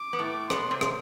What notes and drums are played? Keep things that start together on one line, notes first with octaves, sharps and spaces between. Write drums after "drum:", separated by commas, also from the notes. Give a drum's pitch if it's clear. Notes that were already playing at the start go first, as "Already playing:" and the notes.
Already playing: D6
B3
A2 A3
B2 B3 C6, drum: rim click
C3 C4
drum: rim click